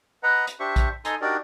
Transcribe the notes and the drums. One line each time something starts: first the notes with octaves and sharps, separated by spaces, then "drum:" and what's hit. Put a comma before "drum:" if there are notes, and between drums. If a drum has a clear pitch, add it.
B4 D#5 F#5 A#5
drum: hi-hat
D4 G4 C5 E5 C#6
drum: kick A#1, hi-hat
D#4 A4 G#5 A#5 C6, drum: hi-hat
D4 D#4 F#4 G4 A#4 D5